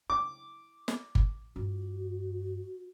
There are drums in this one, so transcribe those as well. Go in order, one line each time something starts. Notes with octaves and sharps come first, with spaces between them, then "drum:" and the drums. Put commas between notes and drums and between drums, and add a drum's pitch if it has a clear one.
E4 D6
drum: snare
drum: kick G1
G2 F4 F#4